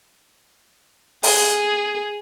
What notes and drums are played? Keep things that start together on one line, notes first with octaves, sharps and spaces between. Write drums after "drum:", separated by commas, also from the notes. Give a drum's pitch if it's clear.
G#4, drum: open hi-hat